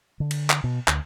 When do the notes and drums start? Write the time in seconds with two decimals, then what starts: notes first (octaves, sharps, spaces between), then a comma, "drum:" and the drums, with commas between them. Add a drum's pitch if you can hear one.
0.20 D3
0.31 drum: cymbal
0.50 drum: clap
0.64 B2
0.88 D2, drum: clap